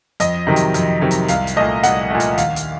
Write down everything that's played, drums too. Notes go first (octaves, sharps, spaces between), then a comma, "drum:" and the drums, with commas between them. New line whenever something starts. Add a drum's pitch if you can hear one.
F2 D#5, drum: hi-hat
C3 D#3 F#3
drum: hi-hat
F2, drum: hi-hat
C3 D#3 F#3
drum: hi-hat
C2 F5, drum: hi-hat
drum: hi-hat
A#2 A3 D#5
C2 F#5, drum: hi-hat
A#2 A3
drum: hi-hat
D#2 F5, drum: hi-hat
drum: hi-hat